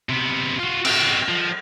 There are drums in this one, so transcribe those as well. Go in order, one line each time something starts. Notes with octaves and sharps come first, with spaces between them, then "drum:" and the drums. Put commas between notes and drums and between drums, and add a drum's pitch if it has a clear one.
C3 B3
F4 F#4
C4 F#4, drum: cymbal
F3